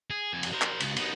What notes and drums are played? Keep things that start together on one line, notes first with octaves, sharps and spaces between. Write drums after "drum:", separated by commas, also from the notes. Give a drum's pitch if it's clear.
G#4
F2 G#5
drum: cymbal
A#4 C5
drum: clap
C#2, drum: cymbal
B3 D#4, drum: cymbal